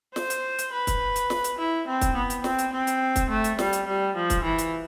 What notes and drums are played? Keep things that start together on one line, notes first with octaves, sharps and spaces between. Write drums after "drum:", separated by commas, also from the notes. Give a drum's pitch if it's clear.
C5, drum: snare
drum: hi-hat
drum: hi-hat
B4
drum: kick, hi-hat
drum: hi-hat
drum: snare
drum: hi-hat
E4
C4
drum: kick, hi-hat
B3
drum: hi-hat
C4, drum: snare
drum: hi-hat
C4
drum: hi-hat
drum: kick, hi-hat
A3
drum: hi-hat
G3, drum: snare
drum: hi-hat
G3
F3
drum: kick, hi-hat
E3
drum: hi-hat